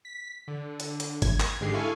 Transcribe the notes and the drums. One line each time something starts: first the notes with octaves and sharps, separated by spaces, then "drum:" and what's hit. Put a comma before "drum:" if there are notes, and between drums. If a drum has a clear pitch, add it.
B6
D3
drum: hi-hat
drum: hi-hat
G#6, drum: kick G#1, hi-hat
drum: clap
G#2 D3 G#3 G4 C7
E4 A4 F5 G#5 C#6